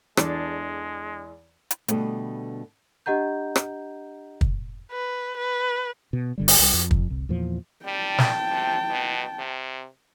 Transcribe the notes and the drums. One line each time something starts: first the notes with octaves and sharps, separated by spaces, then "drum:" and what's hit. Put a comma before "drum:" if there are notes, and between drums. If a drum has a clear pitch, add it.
E2 G#3 D4 A4, drum: rim click
drum: hi-hat
B2 D3 G3 A3 B3 C4, drum: hi-hat
D4 G4 D#5 F#5 A#5 G6
drum: rim click
drum: kick
B4
B4
B2
G1 D3 G3
drum: open hi-hat
C2 G3
F2
drum: kick
C2
E2 A#2 F3
G3 G5 A5
drum: snare
C3
B2
C3